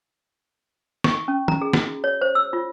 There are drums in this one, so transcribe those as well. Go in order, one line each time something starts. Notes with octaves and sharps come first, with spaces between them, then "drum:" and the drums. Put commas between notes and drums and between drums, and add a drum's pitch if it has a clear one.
C#6, drum: snare
C#4
A#5, drum: tom
G#4
F#4, drum: snare
C#5
C5
E6
F4